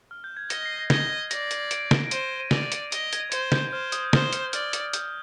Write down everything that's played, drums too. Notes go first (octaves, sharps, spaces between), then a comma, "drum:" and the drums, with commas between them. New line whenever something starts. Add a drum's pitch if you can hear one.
F6
G6
G#6
D#5 A#6, drum: hi-hat
C7
A#6
D#5 G#6, drum: snare
G#6
D5 A#6, drum: hi-hat
drum: hi-hat
D7, drum: hi-hat
drum: snare
D7
C5 D#7, drum: hi-hat
D#7
D5 F7, drum: snare
drum: hi-hat
D#5, drum: hi-hat
G#6, drum: hi-hat
C5 G#6, drum: hi-hat
G6, drum: snare
C5 F6
D#6, drum: hi-hat
C5 F6, drum: snare
F6, drum: hi-hat
D5 F6, drum: hi-hat
drum: hi-hat
G6, drum: hi-hat